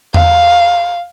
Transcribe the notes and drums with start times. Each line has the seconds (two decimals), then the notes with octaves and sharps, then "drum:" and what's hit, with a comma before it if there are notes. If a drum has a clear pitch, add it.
0.14 F5, drum: tom E2